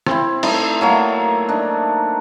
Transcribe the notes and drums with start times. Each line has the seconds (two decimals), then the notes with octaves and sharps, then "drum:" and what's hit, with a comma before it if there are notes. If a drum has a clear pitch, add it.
0.06 C4 E4, drum: rim click
0.43 A3 D#4 E4, drum: cymbal
0.81 F#3 A3 A#3
1.49 D4 D#4